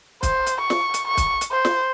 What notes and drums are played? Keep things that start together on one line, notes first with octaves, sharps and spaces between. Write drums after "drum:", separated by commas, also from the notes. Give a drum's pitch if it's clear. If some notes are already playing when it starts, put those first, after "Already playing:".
C5, drum: kick, hi-hat
drum: hi-hat
C#6
drum: snare
drum: hi-hat
C#6
drum: kick, hi-hat
drum: hi-hat
C5
drum: snare